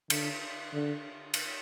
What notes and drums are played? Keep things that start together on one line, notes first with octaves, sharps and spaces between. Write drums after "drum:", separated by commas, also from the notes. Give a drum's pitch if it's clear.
D3, drum: cymbal
D3
drum: cymbal